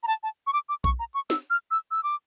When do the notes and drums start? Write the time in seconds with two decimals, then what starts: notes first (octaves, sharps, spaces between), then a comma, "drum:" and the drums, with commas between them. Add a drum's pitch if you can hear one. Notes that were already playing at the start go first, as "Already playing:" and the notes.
0.03 A#5
0.07 A5
0.23 A5
0.47 C#6
0.53 D6
0.69 D6
0.84 C#6, drum: kick B1
0.99 A#5
1.14 C#6
1.30 E6, drum: snare
1.50 F6
1.71 E6
1.91 E6
2.03 D6